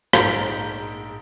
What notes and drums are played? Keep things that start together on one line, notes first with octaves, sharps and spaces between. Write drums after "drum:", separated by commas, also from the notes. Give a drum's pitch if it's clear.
A#1 G#2 A#4 A5 G6 C#7, drum: rim click